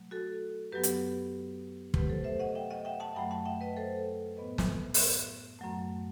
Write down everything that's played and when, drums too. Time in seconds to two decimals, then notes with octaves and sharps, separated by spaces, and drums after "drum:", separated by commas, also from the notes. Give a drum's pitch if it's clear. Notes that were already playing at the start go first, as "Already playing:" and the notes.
Already playing: B2 F#3 A3
0.11 F#4 A4
0.72 F#2 F#3 B3 G4 B4
0.83 drum: hi-hat
1.94 C3 F#3 A3 G4 B4, drum: kick
2.09 A4 C5
2.24 C5 E5
2.39 D#5 F#5
2.55 E5 G5
2.70 D#5 F#5
2.85 E5 G5
3.00 F#5 A5
3.16 F#2 F#3 A3 G5 B5
3.31 F#5 A5
3.46 E5 G5
3.61 B4 D#5
3.77 A4 C5
4.37 A2 E3 B3 B4 D#5
4.58 drum: snare
4.94 drum: open hi-hat
5.59 F#2 F#3 A3